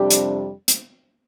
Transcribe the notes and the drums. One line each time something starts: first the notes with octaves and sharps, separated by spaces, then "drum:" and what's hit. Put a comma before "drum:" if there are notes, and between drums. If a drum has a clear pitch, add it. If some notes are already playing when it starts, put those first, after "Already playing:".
Already playing: F2 C3 G3 D4 G4
drum: hi-hat
drum: hi-hat